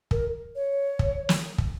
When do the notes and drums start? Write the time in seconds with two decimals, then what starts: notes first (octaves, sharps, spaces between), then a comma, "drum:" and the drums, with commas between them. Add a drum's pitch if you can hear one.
0.11 A#4, drum: kick
0.55 C#5
0.99 drum: kick
1.29 drum: snare
1.58 drum: kick